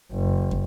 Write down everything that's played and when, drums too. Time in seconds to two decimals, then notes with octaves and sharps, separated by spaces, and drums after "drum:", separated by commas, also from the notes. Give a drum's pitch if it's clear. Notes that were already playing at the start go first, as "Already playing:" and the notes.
0.12 F#1
0.51 drum: kick